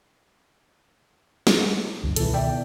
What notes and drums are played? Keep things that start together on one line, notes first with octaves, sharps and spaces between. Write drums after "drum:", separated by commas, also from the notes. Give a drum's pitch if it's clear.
drum: snare
D2 G2
C#2 B2 D#3 E3 A4, drum: hi-hat
D5 E5 G5